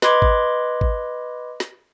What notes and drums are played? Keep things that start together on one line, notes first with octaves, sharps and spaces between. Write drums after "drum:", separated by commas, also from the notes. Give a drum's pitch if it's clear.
B4 D#5 B5 C6 D6 G#6, drum: snare
drum: kick
drum: kick
drum: snare